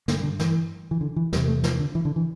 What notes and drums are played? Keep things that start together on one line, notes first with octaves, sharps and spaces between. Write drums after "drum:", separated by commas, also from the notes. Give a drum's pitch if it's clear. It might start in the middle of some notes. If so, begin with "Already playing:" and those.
G2 D3 A#3, drum: snare
D3
E3, drum: snare
E3
D3
E3
E2 C3 G3, drum: snare
A3
F3, drum: snare
D3
E3
D3
E3